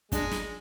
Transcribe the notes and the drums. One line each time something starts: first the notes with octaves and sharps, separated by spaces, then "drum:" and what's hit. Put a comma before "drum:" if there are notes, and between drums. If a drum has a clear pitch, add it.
G#3 D4, drum: kick, hi-hat
drum: snare